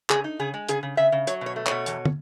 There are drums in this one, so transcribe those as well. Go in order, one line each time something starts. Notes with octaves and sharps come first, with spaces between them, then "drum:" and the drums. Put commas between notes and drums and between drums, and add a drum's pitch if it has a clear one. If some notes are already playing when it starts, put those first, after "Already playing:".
C#3 G#4, drum: clap
D#4
C#3 G#4
G#3
C#3 G#4, drum: hi-hat
C#3
C#3 E5
C#3
F#3 C#5, drum: hi-hat
B2 C#5
A3
B2 C#5, drum: clap
E2, drum: hi-hat
drum: tom